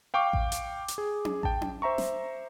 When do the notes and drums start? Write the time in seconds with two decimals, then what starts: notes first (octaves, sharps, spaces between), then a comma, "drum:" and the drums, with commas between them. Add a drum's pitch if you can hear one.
0.14 F5 G5 C#6 D6
0.33 drum: kick A1
0.52 drum: hi-hat
0.88 drum: hi-hat
0.98 G#4
1.25 drum: tom C#4
1.43 G5 A5, drum: kick A1
1.62 drum: tom C#4
1.82 C5 E5 A#5 C#6
1.98 drum: snare